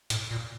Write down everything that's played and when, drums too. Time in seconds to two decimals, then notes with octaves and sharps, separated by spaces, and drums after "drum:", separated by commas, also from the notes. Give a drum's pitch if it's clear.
0.10 A2, drum: hi-hat
0.31 A#2